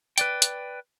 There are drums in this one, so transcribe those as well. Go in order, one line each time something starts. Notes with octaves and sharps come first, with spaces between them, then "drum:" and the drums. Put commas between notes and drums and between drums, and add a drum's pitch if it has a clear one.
B4 D5 G5, drum: hi-hat
drum: hi-hat